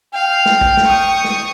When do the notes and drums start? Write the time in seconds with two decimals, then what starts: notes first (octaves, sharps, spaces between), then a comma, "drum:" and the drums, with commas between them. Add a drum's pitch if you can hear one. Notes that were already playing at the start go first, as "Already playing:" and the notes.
0.14 F5 G5
0.46 drum: snare
0.61 drum: kick
0.77 drum: snare
0.86 C#6 D#6
1.24 drum: snare